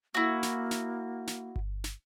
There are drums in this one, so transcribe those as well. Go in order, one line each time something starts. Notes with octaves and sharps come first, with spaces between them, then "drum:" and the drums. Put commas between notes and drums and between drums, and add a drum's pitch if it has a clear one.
A#3 E4 F#4
drum: snare
drum: snare
drum: snare
drum: kick G1
drum: snare